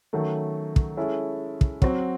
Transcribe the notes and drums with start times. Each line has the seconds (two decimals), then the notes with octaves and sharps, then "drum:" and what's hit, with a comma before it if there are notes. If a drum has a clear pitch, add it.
0.13 D#3 F#3 A3 C#4
0.76 drum: kick
0.97 G#3 C#4 E4 A4
1.61 drum: kick
1.82 F#3 C4 F#4, drum: kick